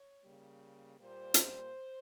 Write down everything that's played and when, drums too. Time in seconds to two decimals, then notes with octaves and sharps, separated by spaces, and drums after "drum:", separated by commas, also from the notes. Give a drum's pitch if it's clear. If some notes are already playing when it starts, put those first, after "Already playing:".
Already playing: C#5
0.24 C#3 G3 A#3
0.99 A#2 G3 A#3 C5
1.34 drum: hi-hat